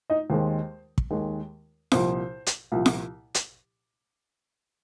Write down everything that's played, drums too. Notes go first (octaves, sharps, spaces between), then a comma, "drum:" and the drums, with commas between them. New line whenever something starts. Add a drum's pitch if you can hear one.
D#4 D#5
D#2 D#3 G#3 C5
drum: kick
D#2 D#3 G#3
C2 A#2 F3 C5, drum: snare F4
drum: hi-hat
C2 A#2 F3
drum: snare F4
drum: hi-hat